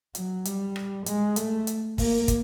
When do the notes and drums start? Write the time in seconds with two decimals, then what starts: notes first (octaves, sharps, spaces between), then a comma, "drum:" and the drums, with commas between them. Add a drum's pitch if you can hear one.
0.15 F#3, drum: hi-hat
0.45 G3, drum: hi-hat
0.76 drum: rim click
1.06 G#3, drum: hi-hat
1.36 A3, drum: hi-hat
1.67 drum: hi-hat
1.98 A#3, drum: kick, open hi-hat
2.28 drum: kick, hi-hat